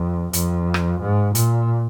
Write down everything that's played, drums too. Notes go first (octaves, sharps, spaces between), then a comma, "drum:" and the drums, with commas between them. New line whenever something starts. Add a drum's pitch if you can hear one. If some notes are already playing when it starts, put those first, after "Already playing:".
Already playing: F2
F2, drum: hi-hat
drum: rim click
G#2
A#2, drum: hi-hat